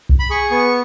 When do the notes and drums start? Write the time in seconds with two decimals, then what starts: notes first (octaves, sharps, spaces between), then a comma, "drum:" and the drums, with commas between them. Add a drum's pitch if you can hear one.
0.09 drum: kick C2
0.19 B5
0.30 G#4 C#6
0.51 B3 C#6